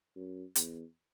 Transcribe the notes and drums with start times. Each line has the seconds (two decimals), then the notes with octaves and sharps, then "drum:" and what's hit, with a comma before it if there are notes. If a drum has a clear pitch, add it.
0.16 F#2
0.55 E2, drum: hi-hat